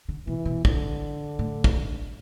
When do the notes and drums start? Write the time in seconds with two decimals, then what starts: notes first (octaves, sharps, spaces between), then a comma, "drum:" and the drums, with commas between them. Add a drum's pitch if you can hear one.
0.09 D3
0.27 B2 E3
0.45 B2
0.65 D3, drum: kick
1.39 A2
1.64 drum: kick